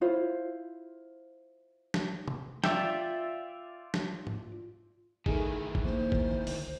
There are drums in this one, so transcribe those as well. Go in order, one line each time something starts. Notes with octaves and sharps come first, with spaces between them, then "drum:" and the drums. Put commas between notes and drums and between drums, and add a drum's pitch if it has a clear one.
E4 F4 C5
drum: snare
drum: tom
F4 D5 E5 G5, drum: snare
drum: snare
drum: tom G#2
D#3 E3 A3 D#4 G#4, drum: kick
drum: kick
A#3 C5
drum: kick
D2, drum: open hi-hat